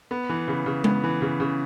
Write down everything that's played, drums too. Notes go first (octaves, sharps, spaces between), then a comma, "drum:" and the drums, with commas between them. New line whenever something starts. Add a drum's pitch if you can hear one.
B3
E3
C#3
C#3
B3, drum: tom G#3
E3
C#3
C#3